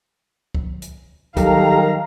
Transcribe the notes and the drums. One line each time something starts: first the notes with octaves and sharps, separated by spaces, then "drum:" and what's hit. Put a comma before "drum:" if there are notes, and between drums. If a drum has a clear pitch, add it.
drum: kick
drum: hi-hat
D#3 F#3 G3 G4 A4 A#4 F5 A#5, drum: kick, hi-hat